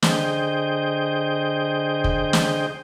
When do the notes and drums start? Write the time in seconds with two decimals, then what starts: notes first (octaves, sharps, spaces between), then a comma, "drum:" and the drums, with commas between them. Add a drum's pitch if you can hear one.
0.03 D3 G#4 C5 D#5 G5 G6, drum: snare
2.04 drum: kick
2.33 drum: snare